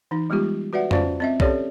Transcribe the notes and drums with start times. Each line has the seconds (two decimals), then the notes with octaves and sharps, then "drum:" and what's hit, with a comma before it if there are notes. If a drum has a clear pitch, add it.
0.11 E3 D#4
0.30 G3 G#3 B3 F4 G4
0.73 F#4 B4 D5 E5 F#5
0.91 C#4 F4 C5 D5 F5, drum: tom F2
1.20 C4 D#5 E5
1.40 C#4 G4 A4 C#5 D5, drum: kick B1